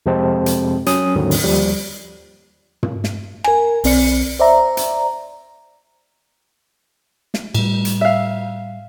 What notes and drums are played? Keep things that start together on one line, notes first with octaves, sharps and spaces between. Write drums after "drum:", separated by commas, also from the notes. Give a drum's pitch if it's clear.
F2 C3 G#3 C4 C5 A5
drum: hi-hat
F#3 C#4 D#6, drum: hi-hat
D#2 G#2 D3 D#3 F#3 C4
drum: open hi-hat
D#2 F3 G3
drum: tom
drum: snare
A#4 G#5, drum: rim click
B1 C4 D5 C#7, drum: open hi-hat
C5 D5 E5 A#5
drum: hi-hat
drum: snare
A2 G3, drum: cymbal
drum: hi-hat
E5 F5